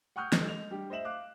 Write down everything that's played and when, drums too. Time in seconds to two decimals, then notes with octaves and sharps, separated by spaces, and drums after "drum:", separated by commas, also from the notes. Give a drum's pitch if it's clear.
0.16 F#5 G5 C#6 D#6 F6 G6
0.32 G#3 A4 D#5, drum: snare
0.48 G#3 D#5 F7
0.70 G3 D4 G4
0.90 C5 D#5 E5 E7 F#7
1.05 F5 D6 F#6